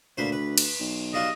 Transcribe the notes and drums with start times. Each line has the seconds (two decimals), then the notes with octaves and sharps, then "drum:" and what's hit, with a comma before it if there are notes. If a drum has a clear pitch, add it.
0.17 D2 A#2 B4 C5
0.32 B4
0.58 drum: cymbal
0.80 B1
1.13 G3 F4 F#4 D#5